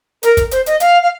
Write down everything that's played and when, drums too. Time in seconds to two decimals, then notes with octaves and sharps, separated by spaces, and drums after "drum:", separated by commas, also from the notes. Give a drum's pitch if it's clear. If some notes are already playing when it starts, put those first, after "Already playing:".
0.23 A#4, drum: hi-hat
0.37 drum: kick, hi-hat
0.51 C5, drum: hi-hat
0.66 D#5, drum: hi-hat
0.80 F5, drum: hi-hat
1.02 F5